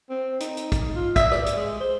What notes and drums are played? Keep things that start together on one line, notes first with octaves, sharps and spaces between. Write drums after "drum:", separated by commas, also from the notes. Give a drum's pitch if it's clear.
C4
D#4, drum: hi-hat
drum: hi-hat
drum: kick, hi-hat
F4
E5, drum: kick, hi-hat
D5, drum: rim click
drum: hi-hat
G#3
C5